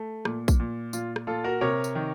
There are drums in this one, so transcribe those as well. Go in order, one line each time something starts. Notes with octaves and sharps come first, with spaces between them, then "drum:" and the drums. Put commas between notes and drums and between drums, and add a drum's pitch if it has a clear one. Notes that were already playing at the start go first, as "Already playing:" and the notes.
Already playing: A3
A#2, drum: rim click
drum: kick A#1, tambourine
A#2
A#2 F4, drum: tambourine
drum: rim click
A#2 F4 A4
F#4 A#4
C3 A#4 C#5
drum: tambourine
D#3